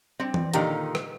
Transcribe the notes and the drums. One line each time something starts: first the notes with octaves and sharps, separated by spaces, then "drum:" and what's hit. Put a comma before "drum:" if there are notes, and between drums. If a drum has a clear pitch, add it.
G3 C4
drum: tom E3
A#2 D3 D#3 G4 A#5, drum: hi-hat
drum: rim click